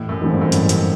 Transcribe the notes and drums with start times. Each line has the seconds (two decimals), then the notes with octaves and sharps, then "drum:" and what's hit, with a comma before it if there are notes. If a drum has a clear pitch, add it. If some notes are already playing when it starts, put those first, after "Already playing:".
Already playing: A1 A2
0.09 F#2
0.21 G#2 E3 A3 C4
0.31 G2
0.41 F#2
0.52 A1 G2, drum: hi-hat
0.69 drum: hi-hat